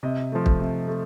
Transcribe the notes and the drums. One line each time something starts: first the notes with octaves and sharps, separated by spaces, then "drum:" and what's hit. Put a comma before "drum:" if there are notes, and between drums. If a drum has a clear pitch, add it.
C3 D#5
F3 A3
drum: kick
C3
A3